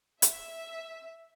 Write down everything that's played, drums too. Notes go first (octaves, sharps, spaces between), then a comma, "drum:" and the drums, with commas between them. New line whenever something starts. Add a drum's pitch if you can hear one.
E5, drum: hi-hat